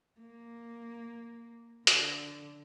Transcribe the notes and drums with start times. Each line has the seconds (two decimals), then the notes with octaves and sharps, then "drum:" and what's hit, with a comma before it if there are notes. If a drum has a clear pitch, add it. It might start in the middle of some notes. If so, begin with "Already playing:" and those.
0.20 A#3
1.87 D3, drum: hi-hat